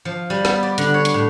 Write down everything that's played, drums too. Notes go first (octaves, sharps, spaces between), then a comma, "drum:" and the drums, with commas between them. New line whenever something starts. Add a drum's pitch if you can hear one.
F3
G3
B3, drum: snare
D5
D3, drum: hi-hat
C#5
drum: hi-hat
A2